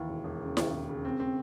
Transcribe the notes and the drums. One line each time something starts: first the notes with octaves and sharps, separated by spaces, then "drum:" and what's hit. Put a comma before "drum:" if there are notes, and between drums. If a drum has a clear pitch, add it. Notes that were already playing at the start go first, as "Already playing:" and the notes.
Already playing: D#2 E3
E1
E1
C#3
D#2, drum: snare E4
E1
C#3
C4
C4